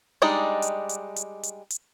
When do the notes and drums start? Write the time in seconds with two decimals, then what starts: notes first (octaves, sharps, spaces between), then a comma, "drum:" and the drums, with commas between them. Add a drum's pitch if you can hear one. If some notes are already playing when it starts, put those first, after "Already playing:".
0.22 G3 G#3 D4 D#4 D#5
0.62 drum: hi-hat
0.89 drum: hi-hat
1.16 drum: hi-hat
1.43 drum: hi-hat
1.70 drum: hi-hat